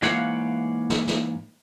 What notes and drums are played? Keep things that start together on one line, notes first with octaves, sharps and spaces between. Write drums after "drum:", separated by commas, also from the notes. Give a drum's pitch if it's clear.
G#2 E3 A#3 C#5 F5 F#5, drum: snare
drum: snare
drum: snare